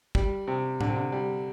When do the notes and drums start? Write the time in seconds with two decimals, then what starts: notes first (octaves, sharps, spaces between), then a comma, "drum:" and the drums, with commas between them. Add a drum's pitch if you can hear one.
0.15 G3, drum: kick
0.48 C3
0.81 D3, drum: tom A2
0.88 C3
0.96 D3
1.12 G3